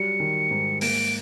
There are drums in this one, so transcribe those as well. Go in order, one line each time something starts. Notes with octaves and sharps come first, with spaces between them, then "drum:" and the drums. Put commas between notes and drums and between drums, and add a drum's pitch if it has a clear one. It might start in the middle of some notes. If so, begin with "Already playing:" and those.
Already playing: F#3 G3 C#7
D#3
G#2
A#3 D7, drum: open hi-hat